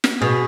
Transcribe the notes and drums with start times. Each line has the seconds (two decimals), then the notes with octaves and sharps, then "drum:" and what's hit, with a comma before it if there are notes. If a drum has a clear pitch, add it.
0.04 drum: snare
0.21 B2 G#4